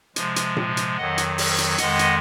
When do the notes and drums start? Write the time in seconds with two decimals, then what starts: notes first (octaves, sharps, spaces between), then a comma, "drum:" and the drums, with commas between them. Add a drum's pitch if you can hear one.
0.16 C3 F3 G#3, drum: hi-hat
0.36 drum: hi-hat
0.57 drum: tom A#2
0.77 drum: hi-hat
0.97 F2 D#3 F#3 D#5 F#5
1.18 drum: hi-hat
1.38 drum: open hi-hat
1.58 drum: hi-hat
1.78 F2 D#3 G#3 D#5 F#5, drum: hi-hat
1.99 drum: hi-hat